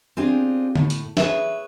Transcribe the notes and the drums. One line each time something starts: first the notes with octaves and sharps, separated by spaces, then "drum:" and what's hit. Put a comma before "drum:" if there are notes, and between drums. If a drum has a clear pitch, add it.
C4 D4 F4 G4 G#4
A2, drum: tom D3
drum: hi-hat
G#4 B4 C#5 E5, drum: snare